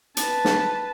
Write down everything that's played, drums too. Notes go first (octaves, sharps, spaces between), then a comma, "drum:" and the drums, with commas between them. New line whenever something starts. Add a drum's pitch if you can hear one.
B4 A5, drum: hi-hat
drum: snare